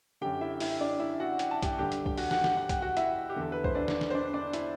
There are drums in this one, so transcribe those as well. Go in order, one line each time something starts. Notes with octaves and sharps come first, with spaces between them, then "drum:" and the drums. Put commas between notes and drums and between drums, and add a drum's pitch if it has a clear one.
F#2 D3 G4 G5
E4 E5
E4 E5, drum: open hi-hat
D4 D5
E4 E5
F#4 F#5
G5, drum: hi-hat
A5
G4 G5, drum: kick, hi-hat
G2 D3 G4 G5
drum: hi-hat
G5, drum: kick
F#4 F#5, drum: open hi-hat
F#4 F#5, drum: snare
G4 G5, drum: snare
F#5
G5, drum: kick, hi-hat
F#4 F#5
E4 E5, drum: hi-hat
G4
E2 D3 A4
B4
C5, drum: kick
D4 D5
drum: snare
drum: snare
C5
D4 D5
D4 D5
E4 E5, drum: hi-hat